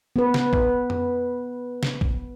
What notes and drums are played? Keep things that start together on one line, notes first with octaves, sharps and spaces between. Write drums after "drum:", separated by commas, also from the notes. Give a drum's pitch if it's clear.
B3 B4
drum: snare
drum: kick A1
drum: tom F2
drum: snare
drum: kick A1